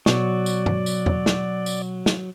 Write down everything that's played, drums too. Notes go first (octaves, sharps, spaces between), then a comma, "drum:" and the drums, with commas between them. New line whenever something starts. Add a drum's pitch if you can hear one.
B2 F#3 D5 C#6, drum: snare
drum: tambourine
drum: tom G2
drum: tambourine
drum: tom E2
drum: snare
drum: tambourine
drum: snare